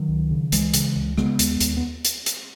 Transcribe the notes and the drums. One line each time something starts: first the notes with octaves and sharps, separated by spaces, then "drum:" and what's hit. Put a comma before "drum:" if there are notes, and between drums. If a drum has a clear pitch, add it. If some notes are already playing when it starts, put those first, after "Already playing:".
Already playing: D#3 F#3
C#2
C#3
C#2 E3 G#3, drum: hi-hat
C#3, drum: hi-hat
C#2
C#3 G#3 B3, drum: rim click
D#2, drum: hi-hat
D#2, drum: hi-hat
B3
drum: hi-hat
drum: hi-hat